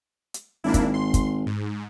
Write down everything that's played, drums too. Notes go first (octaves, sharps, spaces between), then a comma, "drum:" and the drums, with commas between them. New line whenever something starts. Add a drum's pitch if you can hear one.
drum: hi-hat
G#1 A#3 D4 E4
drum: kick, hi-hat
C6
drum: kick, hi-hat
G#2